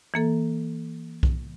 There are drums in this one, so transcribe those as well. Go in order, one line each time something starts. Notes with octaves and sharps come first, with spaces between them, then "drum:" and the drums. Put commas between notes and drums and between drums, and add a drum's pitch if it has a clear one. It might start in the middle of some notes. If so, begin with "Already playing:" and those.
E3 A#3 A4
drum: kick B1